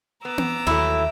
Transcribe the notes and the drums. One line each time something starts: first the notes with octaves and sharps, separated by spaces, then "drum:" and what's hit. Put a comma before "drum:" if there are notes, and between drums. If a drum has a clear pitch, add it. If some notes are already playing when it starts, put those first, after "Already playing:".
B3 A#5 D6 E6
drum: tom B3
D#2 E3 F#3 A3 E4